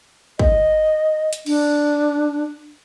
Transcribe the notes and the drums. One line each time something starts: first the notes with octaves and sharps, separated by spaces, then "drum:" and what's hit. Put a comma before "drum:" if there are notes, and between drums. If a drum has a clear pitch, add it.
D#5, drum: kick
drum: hi-hat
D4, drum: cymbal